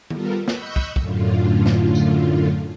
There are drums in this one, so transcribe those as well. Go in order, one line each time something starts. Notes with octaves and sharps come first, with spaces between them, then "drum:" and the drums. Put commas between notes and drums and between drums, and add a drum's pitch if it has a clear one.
G3 B3 F4 A4 A#4, drum: tom D#3
D#5 B5 C#6 E6 F#6 G6, drum: snare
drum: kick
F#2 A2 D3 F4, drum: kick
drum: snare
drum: tambourine